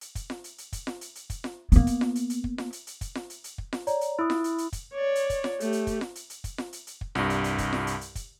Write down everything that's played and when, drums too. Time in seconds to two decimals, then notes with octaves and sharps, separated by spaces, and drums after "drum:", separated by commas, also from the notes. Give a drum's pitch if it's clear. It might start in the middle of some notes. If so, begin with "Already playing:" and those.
0.01 drum: hi-hat
0.15 drum: kick, hi-hat
0.30 drum: snare F4
0.44 drum: hi-hat
0.58 drum: hi-hat
0.73 drum: kick, hi-hat
0.87 drum: snare F4
1.01 drum: hi-hat
1.15 drum: hi-hat
1.30 drum: kick, hi-hat
1.44 drum: snare F4
1.72 A#3 B3, drum: hi-hat
1.87 drum: kick, hi-hat
2.01 drum: snare F4
2.15 drum: hi-hat
2.30 drum: hi-hat
2.44 drum: kick
2.58 drum: snare F4
2.73 drum: hi-hat
2.87 drum: hi-hat
3.01 drum: kick, hi-hat
3.15 drum: snare F4
3.30 drum: hi-hat
3.44 drum: hi-hat
3.58 drum: kick
3.73 drum: snare F4
3.87 C#5 D5 A#5, drum: hi-hat
4.01 drum: hi-hat
4.19 E4 D#6 E6
4.30 drum: snare F4
4.44 drum: hi-hat
4.58 drum: hi-hat
4.73 drum: kick, hi-hat
4.94 C#5 D5
5.15 drum: hi-hat
5.30 drum: kick, hi-hat
5.44 drum: snare F4
5.60 A3 G4, drum: hi-hat
5.73 drum: hi-hat
5.87 drum: kick, hi-hat
6.01 drum: snare F4
6.15 drum: hi-hat
6.30 drum: hi-hat
6.44 drum: kick, hi-hat
6.58 drum: snare F4
6.73 drum: hi-hat
6.87 drum: hi-hat
7.01 drum: kick
7.15 C2 G2, drum: snare F4
7.30 drum: hi-hat
7.44 drum: hi-hat
7.58 drum: kick, hi-hat
7.73 drum: snare F4
7.87 drum: hi-hat
8.01 drum: hi-hat
8.15 drum: kick, hi-hat